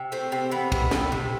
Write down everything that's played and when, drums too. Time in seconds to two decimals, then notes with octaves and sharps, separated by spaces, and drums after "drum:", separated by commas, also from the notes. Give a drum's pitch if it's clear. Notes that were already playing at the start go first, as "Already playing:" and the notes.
Already playing: C3
0.12 A3 C4
0.32 C3 C4
0.51 E3 B3
0.72 C3, drum: kick, cymbal
0.91 A3, drum: snare
1.12 C3, drum: tom A#2